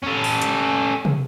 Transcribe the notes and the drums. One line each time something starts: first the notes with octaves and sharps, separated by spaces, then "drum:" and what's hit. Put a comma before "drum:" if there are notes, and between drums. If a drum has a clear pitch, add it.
C#4 A4
drum: open hi-hat
drum: hi-hat
drum: tom